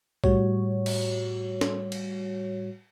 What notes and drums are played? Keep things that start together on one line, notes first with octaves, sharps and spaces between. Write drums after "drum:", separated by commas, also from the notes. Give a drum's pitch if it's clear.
A2 G3 F#4 C#5, drum: kick B1
drum: cymbal
drum: snare
drum: cymbal